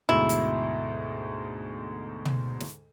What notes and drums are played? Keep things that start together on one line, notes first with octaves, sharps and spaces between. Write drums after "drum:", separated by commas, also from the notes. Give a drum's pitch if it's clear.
D2 G#2 B2 E4
drum: hi-hat
drum: tom
drum: snare